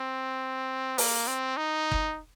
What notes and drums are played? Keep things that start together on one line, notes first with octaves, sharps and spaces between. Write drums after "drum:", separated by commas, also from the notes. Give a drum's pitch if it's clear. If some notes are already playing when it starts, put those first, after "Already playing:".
Already playing: C4
A#3, drum: open hi-hat
C4
D#4
drum: kick F#1